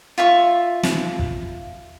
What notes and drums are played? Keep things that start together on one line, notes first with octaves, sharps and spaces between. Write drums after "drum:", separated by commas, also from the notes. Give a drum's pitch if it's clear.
F4 E5 C#6
drum: snare
drum: kick